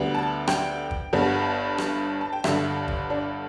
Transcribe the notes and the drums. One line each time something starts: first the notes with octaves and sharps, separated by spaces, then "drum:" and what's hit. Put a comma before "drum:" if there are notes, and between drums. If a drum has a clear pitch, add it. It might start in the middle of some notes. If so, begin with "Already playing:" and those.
Already playing: D2 D3 G3 B3
A5
G5, drum: rim click
drum: kick
G1 G2 G3 B3
drum: rim click
A5
G5
G1 G2 D3 E5, drum: rim click
drum: kick
D4